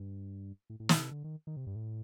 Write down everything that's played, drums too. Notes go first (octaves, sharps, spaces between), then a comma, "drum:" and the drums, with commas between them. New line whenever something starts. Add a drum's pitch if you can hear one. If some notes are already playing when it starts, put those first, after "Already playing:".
Already playing: G2
A2
A2
A#2, drum: snare
C3
D3
D#3
D#3
C3
G2
A2